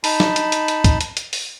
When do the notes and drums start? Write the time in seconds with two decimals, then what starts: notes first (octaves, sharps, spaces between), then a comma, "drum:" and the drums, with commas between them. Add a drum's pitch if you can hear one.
0.04 D#4 A5 B5, drum: open hi-hat
0.20 drum: snare
0.36 drum: hi-hat
0.52 drum: hi-hat
0.68 drum: hi-hat
0.84 drum: kick, hi-hat
1.01 drum: hi-hat
1.17 drum: hi-hat
1.33 drum: open hi-hat